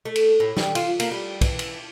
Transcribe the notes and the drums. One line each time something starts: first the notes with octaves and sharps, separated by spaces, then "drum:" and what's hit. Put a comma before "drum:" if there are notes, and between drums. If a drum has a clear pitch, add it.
A3
drum: cymbal
A2
G3, drum: snare
F4, drum: cymbal
A#3, drum: cymbal
G3
E3, drum: kick, cymbal
drum: cymbal